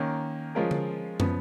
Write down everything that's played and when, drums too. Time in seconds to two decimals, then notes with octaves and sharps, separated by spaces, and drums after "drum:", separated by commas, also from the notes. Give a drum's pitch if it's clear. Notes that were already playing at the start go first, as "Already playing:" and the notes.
Already playing: D#3 A#3 C#4
0.55 F3 G#3 C#4 F4 A#4
0.71 drum: tom D3
1.20 C#3 F3 B3, drum: tom